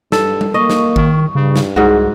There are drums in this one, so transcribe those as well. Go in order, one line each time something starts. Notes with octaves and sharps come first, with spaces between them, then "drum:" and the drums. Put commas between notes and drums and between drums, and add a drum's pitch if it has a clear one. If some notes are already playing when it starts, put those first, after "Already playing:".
G2 A4, drum: snare
drum: tom G3
A#3 D#5 C#6
drum: snare
D#3, drum: kick G#1
G2 C#3
drum: snare
C2 G#2 F#4 G#4